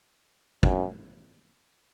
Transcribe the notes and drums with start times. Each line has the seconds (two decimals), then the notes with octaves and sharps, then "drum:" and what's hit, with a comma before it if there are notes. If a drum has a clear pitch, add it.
0.63 F#2, drum: kick